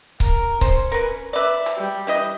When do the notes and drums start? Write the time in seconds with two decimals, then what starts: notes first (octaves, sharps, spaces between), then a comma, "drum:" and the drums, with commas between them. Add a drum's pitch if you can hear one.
0.20 A#4, drum: kick C#1
0.61 C#4 C5, drum: kick C#1
0.92 A#4 B4
1.33 B4 D5 E5
1.66 drum: hi-hat
1.77 G3
2.07 E3 E4 D#5